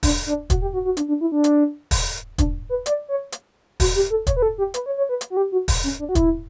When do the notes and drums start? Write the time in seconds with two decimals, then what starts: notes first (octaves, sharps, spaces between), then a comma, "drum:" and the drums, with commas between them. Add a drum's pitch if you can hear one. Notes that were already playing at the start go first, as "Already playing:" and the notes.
0.03 D4, drum: kick, open hi-hat
0.27 D4
0.50 F#4, drum: kick, hi-hat
0.62 G4
0.73 F#4
0.85 F#4
0.97 D4, drum: hi-hat
1.08 D4
1.21 E4
1.32 D4
1.44 drum: hi-hat
1.91 drum: kick, open hi-hat
2.38 D4, drum: kick, hi-hat
2.69 B4
2.86 D5, drum: hi-hat
3.09 C#5
3.32 drum: hi-hat
3.80 F#4, drum: kick, open hi-hat
3.95 G4
4.10 A4
4.27 C#5, drum: kick, hi-hat
4.37 B4
4.42 A4
4.58 G4
4.74 B4, drum: hi-hat
4.86 C#5
4.97 C#5
5.09 B4
5.21 drum: hi-hat
5.30 F#4
5.37 G4
5.52 F#4
5.68 drum: kick, open hi-hat
5.84 C#4
5.99 D4
6.09 F#4
6.15 E4, drum: kick, hi-hat